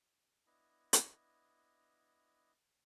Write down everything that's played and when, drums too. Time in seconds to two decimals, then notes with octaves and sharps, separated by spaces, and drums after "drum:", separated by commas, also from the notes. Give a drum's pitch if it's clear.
0.46 B3 D4 E4 D#5
0.93 drum: hi-hat